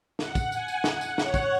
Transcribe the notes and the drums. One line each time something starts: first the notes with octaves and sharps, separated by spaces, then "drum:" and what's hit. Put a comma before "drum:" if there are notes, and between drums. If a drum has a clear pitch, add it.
F#5, drum: snare
drum: kick, tambourine
G#5, drum: tambourine
drum: tambourine
F#5, drum: snare
drum: tambourine
C#5, drum: snare
drum: kick, tambourine